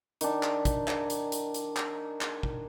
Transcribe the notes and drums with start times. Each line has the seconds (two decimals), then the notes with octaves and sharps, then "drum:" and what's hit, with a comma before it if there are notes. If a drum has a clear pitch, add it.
0.21 D#3 D4, drum: hi-hat
0.43 drum: clap
0.65 drum: kick, hi-hat
0.88 drum: clap
1.10 drum: hi-hat
1.32 drum: hi-hat
1.54 drum: hi-hat
1.77 drum: clap
2.21 drum: clap
2.43 drum: kick